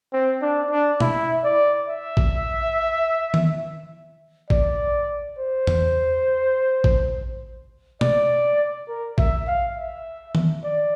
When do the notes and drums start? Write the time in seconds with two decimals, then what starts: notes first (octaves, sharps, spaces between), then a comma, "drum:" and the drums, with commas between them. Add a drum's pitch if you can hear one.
0.13 C4
0.41 D4
0.71 D4
1.00 E4, drum: tom
1.44 D5
1.88 E5
2.17 drum: kick A1
3.34 drum: tom D#3
4.50 D5, drum: kick A1
5.39 C5
5.67 drum: tom E2
6.84 drum: kick A1
8.01 D5, drum: tom
8.88 A#4
9.18 E5, drum: kick A1
9.47 F5
9.77 E5
10.35 drum: tom D#3
10.64 D5